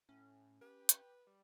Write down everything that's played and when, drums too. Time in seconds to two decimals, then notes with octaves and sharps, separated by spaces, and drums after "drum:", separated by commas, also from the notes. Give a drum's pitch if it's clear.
0.09 A2 C#4
0.61 G4 B4
0.89 drum: hi-hat
1.27 G3